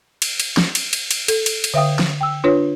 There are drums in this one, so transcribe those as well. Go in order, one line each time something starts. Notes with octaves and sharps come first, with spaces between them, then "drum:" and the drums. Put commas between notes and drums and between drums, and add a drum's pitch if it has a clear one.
drum: cymbal
drum: cymbal
drum: snare
drum: cymbal
drum: cymbal
drum: cymbal
A4, drum: cymbal
drum: cymbal
drum: cymbal
D3 B4 E5 F5 G5 D#6
drum: snare
G5 E6
D4 F4 B4 C#5